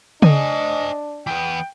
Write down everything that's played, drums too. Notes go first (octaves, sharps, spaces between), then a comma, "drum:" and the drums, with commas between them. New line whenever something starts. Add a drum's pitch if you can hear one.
D4 C5 D#5 G#5, drum: tom C#3
E3 B3 G5